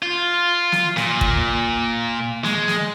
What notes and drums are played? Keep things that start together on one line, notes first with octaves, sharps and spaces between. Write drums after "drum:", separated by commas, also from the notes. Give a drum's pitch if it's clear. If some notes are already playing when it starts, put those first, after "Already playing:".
F4
drum: snare
A#2, drum: snare
drum: kick
G#3, drum: snare
drum: snare